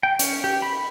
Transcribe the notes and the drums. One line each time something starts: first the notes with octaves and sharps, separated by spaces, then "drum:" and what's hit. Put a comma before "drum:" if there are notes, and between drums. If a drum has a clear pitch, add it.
G5
C#4, drum: hi-hat
G4
B5